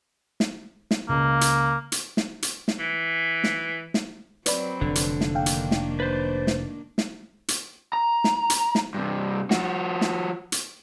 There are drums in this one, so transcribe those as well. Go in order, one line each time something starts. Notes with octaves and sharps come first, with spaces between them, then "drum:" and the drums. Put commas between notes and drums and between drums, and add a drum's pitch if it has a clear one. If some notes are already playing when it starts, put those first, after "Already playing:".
drum: snare
drum: snare
C#2 A#3
drum: hi-hat
drum: hi-hat
drum: snare
drum: hi-hat
drum: snare
E3
drum: snare
drum: snare
F#3 C4 B4 D5 B5, drum: hi-hat
F1 D3
drum: hi-hat
drum: snare
D#3 A#3 D4 F5 G5
drum: hi-hat
drum: snare
B4 C5 A6
drum: snare
drum: snare
drum: hi-hat
A#5
drum: snare
drum: hi-hat
drum: snare
G2 C3
F3 F#4, drum: snare
drum: snare
drum: hi-hat